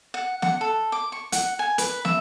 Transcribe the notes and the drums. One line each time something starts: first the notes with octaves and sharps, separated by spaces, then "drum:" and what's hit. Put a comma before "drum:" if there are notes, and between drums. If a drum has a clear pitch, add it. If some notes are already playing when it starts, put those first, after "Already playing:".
F#5
F#5, drum: snare
A4
D6
C#6
F#5, drum: hi-hat
G#5
B4, drum: hi-hat
E5, drum: snare